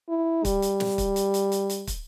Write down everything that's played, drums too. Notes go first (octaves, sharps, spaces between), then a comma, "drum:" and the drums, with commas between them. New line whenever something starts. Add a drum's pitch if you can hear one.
E4
G3, drum: kick, hi-hat
drum: hi-hat
drum: snare
drum: kick, hi-hat
drum: hi-hat
drum: hi-hat
drum: hi-hat
drum: hi-hat
drum: kick, hi-hat